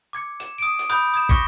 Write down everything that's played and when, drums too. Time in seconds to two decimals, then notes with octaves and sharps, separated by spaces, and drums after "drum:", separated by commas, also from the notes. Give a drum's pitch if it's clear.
0.13 D6 G#6 C#7
0.40 E7, drum: hi-hat
0.58 D#6 D7
0.79 drum: hi-hat
0.90 B5 D#6 F#6 G6, drum: hi-hat
1.14 D#6 G#6 E7
1.29 C#6 D6 G#6 A#6 B6 C#7, drum: kick, hi-hat